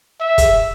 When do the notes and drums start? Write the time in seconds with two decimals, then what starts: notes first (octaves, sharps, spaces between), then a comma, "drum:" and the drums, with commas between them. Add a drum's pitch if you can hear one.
0.20 E5
0.38 drum: kick, hi-hat